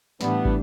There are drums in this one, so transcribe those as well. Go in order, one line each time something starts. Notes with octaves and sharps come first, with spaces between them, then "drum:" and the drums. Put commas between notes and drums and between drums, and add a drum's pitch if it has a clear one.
A2 E3 G3 B3 D4, drum: snare
drum: kick